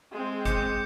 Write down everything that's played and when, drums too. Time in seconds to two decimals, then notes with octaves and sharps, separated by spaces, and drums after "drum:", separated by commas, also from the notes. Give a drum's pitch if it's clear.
0.12 G#3 C4
0.45 D6 G6 C#7, drum: kick G1, hi-hat